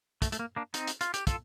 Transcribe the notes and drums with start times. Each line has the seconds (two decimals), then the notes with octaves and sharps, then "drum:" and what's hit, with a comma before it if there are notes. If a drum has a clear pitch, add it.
0.22 A3, drum: kick, hi-hat
0.32 A3, drum: hi-hat
0.39 A#3
0.56 A#3 D4
0.74 C4 D#4, drum: hi-hat
0.87 drum: hi-hat
1.01 F4, drum: hi-hat
1.14 G4, drum: hi-hat
1.27 F4 A4, drum: kick, hi-hat